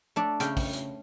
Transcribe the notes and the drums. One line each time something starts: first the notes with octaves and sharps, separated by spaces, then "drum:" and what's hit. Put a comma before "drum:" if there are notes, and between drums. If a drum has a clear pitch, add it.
A3 D4
C#3 G5, drum: hi-hat
drum: kick, open hi-hat
drum: hi-hat